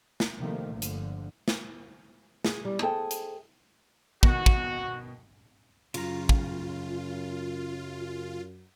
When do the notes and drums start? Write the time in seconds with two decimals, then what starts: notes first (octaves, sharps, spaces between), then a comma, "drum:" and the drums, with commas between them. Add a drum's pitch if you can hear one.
0.20 drum: snare
0.38 C3 D#3 F3 G3 A3 A#3
0.72 G1 G2 D3 F3
0.82 drum: hi-hat
1.48 drum: snare
2.45 G#4, drum: snare
2.65 G3
2.82 G#4 A4 C5 E5 G5 A5
3.11 drum: hi-hat
4.23 B2 D#3 F#4, drum: kick
4.46 drum: kick
5.94 F#2 C#3 F4 A#5, drum: cymbal
6.29 drum: kick